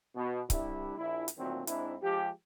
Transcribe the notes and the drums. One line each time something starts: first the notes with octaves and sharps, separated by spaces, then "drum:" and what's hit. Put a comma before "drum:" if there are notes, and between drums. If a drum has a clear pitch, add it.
B2
C2 G3 D4 E4, drum: kick C#1, hi-hat
A#1 E4
drum: hi-hat
D2 A#2 D#3 F#3 C4
G#2 C4 D4 E4, drum: hi-hat
F3 G#3 G4